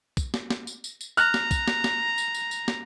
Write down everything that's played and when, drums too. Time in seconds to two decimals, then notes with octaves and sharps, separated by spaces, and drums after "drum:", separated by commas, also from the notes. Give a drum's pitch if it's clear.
0.17 drum: kick, tambourine
0.34 drum: snare
0.50 drum: snare
0.67 drum: tambourine
0.84 drum: tambourine
1.01 drum: tambourine
1.17 A#5 F6 F#6, drum: tambourine
1.34 drum: snare
1.51 drum: kick, tambourine
1.68 drum: snare
1.84 drum: snare
2.18 drum: tambourine
2.34 drum: tambourine
2.51 drum: tambourine
2.68 drum: snare